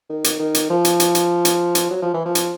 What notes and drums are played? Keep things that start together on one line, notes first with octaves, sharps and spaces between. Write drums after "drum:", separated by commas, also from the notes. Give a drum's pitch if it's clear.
D#3
drum: hi-hat
D#3
drum: hi-hat
F3
drum: hi-hat
drum: hi-hat
drum: hi-hat
drum: hi-hat
drum: hi-hat
F#3
F3
E3
F3
drum: hi-hat